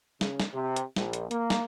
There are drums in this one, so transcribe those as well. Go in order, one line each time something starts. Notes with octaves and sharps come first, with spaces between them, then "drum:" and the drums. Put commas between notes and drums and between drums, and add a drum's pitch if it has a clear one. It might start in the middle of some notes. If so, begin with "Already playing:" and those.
C#3, drum: snare
drum: snare
C3
drum: hi-hat
A#1, drum: snare
drum: hi-hat
A#3, drum: hi-hat
drum: snare